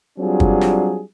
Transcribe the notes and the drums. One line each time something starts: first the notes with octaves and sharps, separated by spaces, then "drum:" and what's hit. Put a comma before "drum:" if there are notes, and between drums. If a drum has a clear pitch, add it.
F#3 G3 C4 D4 F4 G#4
drum: kick
drum: snare